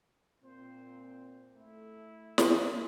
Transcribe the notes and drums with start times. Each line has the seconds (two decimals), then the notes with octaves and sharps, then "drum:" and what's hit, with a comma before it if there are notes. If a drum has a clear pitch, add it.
0.43 A#2 C4 C5
1.56 A3 E4
2.38 drum: snare